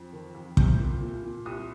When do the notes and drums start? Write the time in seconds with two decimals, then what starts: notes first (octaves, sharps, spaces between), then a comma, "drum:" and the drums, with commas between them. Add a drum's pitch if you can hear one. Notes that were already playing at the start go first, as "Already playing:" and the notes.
Already playing: F2
0.13 D#3
0.35 F2
0.57 C2 G6, drum: kick
0.79 A#2
1.01 A#2
1.23 A#2
1.46 C2 D#6